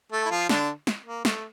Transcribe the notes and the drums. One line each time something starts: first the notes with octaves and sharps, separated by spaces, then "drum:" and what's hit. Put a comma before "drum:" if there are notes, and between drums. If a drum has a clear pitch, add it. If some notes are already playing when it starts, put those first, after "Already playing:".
A3 A4
E4
F3 F4
D3 D4, drum: snare
drum: snare
A#3
A3, drum: snare